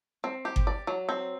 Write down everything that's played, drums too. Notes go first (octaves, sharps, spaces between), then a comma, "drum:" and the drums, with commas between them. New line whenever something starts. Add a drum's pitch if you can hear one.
C4
G4
drum: kick G1
D5
F#3
C4